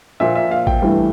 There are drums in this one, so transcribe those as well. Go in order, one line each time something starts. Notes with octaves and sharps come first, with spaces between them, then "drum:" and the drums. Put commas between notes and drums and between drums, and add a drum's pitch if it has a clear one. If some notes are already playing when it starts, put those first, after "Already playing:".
A#2 F3 A#3 E5
E5
F5
G5, drum: kick G#1
G2 E3 A3